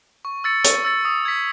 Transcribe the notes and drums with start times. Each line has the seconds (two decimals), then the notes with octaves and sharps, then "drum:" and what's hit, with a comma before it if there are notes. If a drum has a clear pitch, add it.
0.25 C#6
0.44 E6 A6 C#7
0.64 C#6, drum: hi-hat
0.85 E6 A6 C#7
1.05 D#6
1.25 G#6 B6